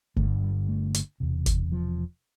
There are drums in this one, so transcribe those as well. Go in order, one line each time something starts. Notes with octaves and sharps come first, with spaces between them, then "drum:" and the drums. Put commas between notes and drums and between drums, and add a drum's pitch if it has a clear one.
G1 G2 D3 A3, drum: kick F#1
G3
A3
drum: hi-hat
E1 E2 C3
drum: kick F#1, hi-hat
F3